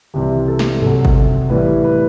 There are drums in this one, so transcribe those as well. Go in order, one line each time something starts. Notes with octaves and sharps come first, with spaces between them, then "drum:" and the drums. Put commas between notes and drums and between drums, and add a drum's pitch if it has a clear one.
C2 C3 E3 G3 G4
A4
drum: snare
C2 C3 F#3 A4, drum: tom G2
drum: kick G#1
A2 E3 G3 B4
B4